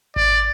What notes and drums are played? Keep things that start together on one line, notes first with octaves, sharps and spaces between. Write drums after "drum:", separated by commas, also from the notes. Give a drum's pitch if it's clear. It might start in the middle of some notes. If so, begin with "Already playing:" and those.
D5, drum: kick G#1